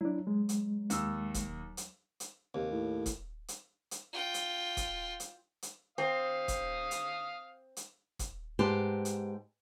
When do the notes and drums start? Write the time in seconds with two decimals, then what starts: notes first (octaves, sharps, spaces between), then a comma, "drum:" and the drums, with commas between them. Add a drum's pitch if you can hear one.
0.01 F#3 D4 E4
0.27 G#3
0.49 drum: hi-hat
0.90 D#2 E6, drum: hi-hat
1.34 drum: kick E1, hi-hat
1.77 drum: hi-hat
2.20 drum: hi-hat
2.55 D#2 C3
2.71 A2
3.06 drum: kick E1, hi-hat
3.48 drum: hi-hat
3.91 drum: hi-hat
4.13 F4 G5
4.34 drum: hi-hat
4.77 drum: kick E1, hi-hat
5.20 drum: hi-hat
5.62 drum: hi-hat
5.98 C4 F5 D#6
6.48 drum: kick E1, hi-hat
6.91 drum: hi-hat
7.77 drum: hi-hat
8.19 drum: kick E1, hi-hat
8.59 G#2 B3 G4 C5 A5
9.05 drum: hi-hat